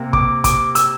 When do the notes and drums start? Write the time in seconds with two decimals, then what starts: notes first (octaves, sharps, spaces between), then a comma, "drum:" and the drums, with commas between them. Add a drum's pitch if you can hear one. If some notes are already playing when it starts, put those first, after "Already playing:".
Already playing: C3 A#3
0.13 D6, drum: kick
0.44 D6, drum: kick, hi-hat
0.75 E6, drum: hi-hat